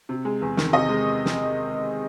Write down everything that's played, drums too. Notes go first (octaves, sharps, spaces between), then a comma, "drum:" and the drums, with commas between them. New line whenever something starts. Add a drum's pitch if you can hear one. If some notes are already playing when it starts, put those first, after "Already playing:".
C3
G#3
E2
D#3, drum: snare
C3 D#5
G#3
drum: snare